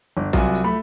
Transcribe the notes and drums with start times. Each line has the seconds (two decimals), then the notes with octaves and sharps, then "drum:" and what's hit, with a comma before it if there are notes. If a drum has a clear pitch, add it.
0.17 G1
0.33 C2 F#3 F4 F#4 G#5 A#5, drum: kick A#1, tambourine
0.55 drum: tambourine
0.64 A3 B5